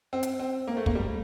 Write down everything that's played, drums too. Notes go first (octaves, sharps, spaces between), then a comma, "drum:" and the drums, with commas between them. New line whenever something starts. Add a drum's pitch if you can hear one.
C4
drum: hi-hat
C4
A#3
A3
A#3, drum: kick
G3